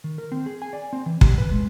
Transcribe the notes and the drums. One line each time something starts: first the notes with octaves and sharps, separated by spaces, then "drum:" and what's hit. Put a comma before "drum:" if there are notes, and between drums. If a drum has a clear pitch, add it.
D#3
A#4
C4
G#4
G#5
D5
C4
E3
G4, drum: kick
B4
G#3